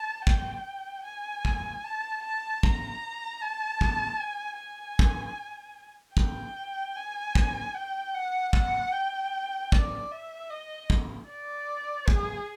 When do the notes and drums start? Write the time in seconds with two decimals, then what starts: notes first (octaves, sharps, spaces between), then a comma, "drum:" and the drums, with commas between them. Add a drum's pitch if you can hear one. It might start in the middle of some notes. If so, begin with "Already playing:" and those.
Already playing: A5
0.27 G5, drum: kick
1.05 G#5
1.45 drum: kick
1.84 A5
2.24 A5
2.63 A#5, drum: kick
3.42 A5
3.81 drum: kick
4.21 G#5
4.60 G#5
4.99 drum: kick
6.17 G5, drum: kick
6.95 G#5
7.35 drum: kick
7.75 G5
8.14 F#5
8.53 F#5, drum: kick
8.93 G5
9.72 D5, drum: kick
10.12 E5
10.50 D#5
10.90 drum: kick
11.29 D5
12.08 G#4, drum: kick